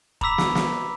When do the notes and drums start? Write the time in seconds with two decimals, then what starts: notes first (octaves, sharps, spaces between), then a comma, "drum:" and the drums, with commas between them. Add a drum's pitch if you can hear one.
0.21 A#5 B5 D6 E6 B6 F7, drum: kick
0.38 drum: snare
0.55 drum: snare